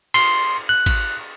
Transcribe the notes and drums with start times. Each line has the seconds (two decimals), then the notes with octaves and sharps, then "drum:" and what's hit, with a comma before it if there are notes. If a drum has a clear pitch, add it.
0.14 C6, drum: cymbal
0.69 F#6
0.86 drum: kick G#1, cymbal